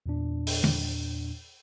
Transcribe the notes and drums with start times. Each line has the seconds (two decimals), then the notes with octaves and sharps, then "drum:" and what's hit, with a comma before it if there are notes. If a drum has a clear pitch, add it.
0.06 E2 A#2 D4
0.47 drum: open hi-hat
0.64 drum: tom